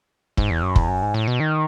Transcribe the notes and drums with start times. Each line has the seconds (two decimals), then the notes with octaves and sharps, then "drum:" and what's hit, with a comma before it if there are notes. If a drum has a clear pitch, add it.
0.37 G#2, drum: kick
0.51 E2
0.62 F#2
0.76 E2, drum: kick
0.88 F#2
1.02 G#2
1.14 A2
1.28 B2
1.40 D#3